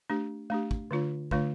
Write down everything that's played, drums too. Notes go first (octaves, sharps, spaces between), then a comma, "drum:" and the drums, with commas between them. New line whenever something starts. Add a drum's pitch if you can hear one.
A3 D4 G4
A3 D4 G4
drum: kick
D3 A3 D4 F4 C#5
D3 A3 D4 F4 C#5, drum: kick